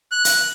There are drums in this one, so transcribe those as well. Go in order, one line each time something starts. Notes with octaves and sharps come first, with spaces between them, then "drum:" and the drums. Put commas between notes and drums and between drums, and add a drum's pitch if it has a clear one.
F#6
drum: hi-hat